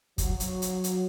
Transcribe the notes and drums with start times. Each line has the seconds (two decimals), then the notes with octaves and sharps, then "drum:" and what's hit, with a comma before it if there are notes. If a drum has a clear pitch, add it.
0.18 F#3, drum: kick, hi-hat
0.40 drum: hi-hat
0.62 drum: hi-hat
0.84 drum: hi-hat